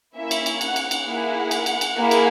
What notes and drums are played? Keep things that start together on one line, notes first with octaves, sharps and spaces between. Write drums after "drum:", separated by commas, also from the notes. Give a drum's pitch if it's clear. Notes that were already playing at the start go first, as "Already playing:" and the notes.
A#3 C#4 E4 E5
drum: cymbal
drum: cymbal
F#5, drum: cymbal
drum: cymbal
drum: cymbal
A#3 E4 G#4 F#5
drum: cymbal
drum: cymbal
drum: cymbal
A#3 E4 G#4
drum: cymbal